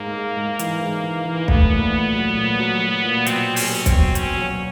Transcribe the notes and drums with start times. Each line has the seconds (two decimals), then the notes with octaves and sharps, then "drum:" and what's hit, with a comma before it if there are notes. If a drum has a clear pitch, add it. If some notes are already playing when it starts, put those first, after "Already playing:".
Already playing: G#2 G#3 A#3
0.14 G#3
0.37 G#2
0.59 E3, drum: hi-hat
0.81 G#2
1.04 E3
1.25 E3
1.48 A3 B3, drum: kick B1
1.70 A#2
1.93 A3
2.15 F#3
2.37 A#2
2.60 F#3
2.82 F#3
3.04 A#2
3.26 B2 C4, drum: hi-hat
3.49 F#3
3.56 C#4, drum: open hi-hat
3.71 F#3
3.86 C4, drum: kick B1, hi-hat
3.93 B2
4.15 F#3 C#4, drum: hi-hat
4.38 F#3